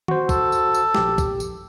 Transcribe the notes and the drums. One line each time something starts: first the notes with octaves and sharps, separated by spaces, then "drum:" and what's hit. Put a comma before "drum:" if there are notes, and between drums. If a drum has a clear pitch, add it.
F#4 C5, drum: tom D#3
A4, drum: kick, tambourine
drum: tambourine
drum: tambourine
A#1 G4, drum: snare
drum: kick, tambourine
drum: tambourine